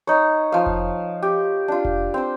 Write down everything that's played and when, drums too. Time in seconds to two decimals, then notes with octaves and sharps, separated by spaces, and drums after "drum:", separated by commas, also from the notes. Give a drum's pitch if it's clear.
0.07 D#4 C#5
0.52 F3 F5
0.67 drum: kick F1
1.22 G4
1.68 D4 F4
1.85 drum: kick F1
2.14 C4 C5